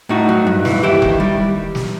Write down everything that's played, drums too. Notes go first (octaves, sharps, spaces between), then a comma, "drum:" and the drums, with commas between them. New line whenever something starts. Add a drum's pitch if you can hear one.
A2 D#4 F#4
F#3
G2
E3, drum: snare
D#2 E4 G4
D#3, drum: kick E1
G3
drum: snare